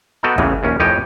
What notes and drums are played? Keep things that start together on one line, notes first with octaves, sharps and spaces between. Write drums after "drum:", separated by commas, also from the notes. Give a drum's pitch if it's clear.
B3 F#4 A4 D#5 G5 A#5
A1 E2 A2 C#3 E3, drum: kick
A#1 D#2 C#4
F2 A2 G4 C#5 D#5 G5